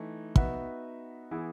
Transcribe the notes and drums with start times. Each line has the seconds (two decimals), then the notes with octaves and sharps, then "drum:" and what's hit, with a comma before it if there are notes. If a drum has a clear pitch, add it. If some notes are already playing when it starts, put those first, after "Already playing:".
Already playing: E3 A3 D#4
0.36 B3 D#4 F#4 B4 E5, drum: kick
1.31 E3 B3 E4 G#4